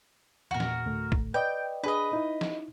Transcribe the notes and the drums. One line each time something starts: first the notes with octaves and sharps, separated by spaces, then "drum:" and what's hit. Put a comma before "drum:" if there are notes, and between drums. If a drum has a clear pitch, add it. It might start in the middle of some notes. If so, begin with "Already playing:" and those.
E2 A#2 F#4 A#4
drum: snare
D2 A2 A3
drum: kick
B4 D5 D#5 G5
D4 G#4 B4 D#5
D#4 E4
drum: snare